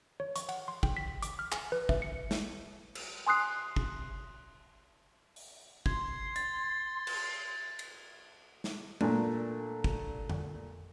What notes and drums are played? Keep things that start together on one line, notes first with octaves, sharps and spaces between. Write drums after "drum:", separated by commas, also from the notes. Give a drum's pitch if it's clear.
C#5
C#6, drum: hi-hat
F#5, drum: cymbal
C6
G5, drum: kick
B6
D6, drum: hi-hat
F6
G#5, drum: clap
B4
E5, drum: kick
C#7
drum: snare
drum: cymbal
G#5 C6 D#6 F#6 C7
drum: kick
drum: open hi-hat
C6 G#6, drum: kick
A6, drum: hi-hat
drum: cymbal
drum: cymbal
drum: snare
A#2 A3 D4, drum: tom G#3
drum: kick
drum: tom F2